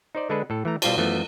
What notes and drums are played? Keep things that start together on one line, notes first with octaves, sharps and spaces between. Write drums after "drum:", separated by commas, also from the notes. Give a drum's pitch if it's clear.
D#4 C5 D5
D3 G#3 D4 A4 B4
A2 A4
E3 A3 A#5
B2 G3 F4 G4 C5 A5, drum: cymbal
F#2 E3 F3 A3 B3